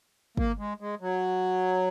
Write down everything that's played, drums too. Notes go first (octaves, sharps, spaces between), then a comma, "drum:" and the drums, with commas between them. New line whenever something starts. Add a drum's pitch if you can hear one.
A#3, drum: kick
G#3
G#3
F#3